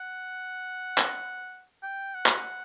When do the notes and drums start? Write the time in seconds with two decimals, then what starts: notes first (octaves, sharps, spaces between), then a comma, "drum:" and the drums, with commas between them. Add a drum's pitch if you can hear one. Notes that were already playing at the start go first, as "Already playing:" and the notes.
Already playing: F#5
0.98 drum: clap
1.83 G5
2.15 F#5
2.26 drum: clap